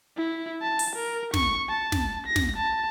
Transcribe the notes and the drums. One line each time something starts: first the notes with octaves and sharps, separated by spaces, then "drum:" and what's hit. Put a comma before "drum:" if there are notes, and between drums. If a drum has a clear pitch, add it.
E4
A5
drum: open hi-hat
A#4
C#6, drum: snare
A5
drum: snare
A#6
drum: snare
A5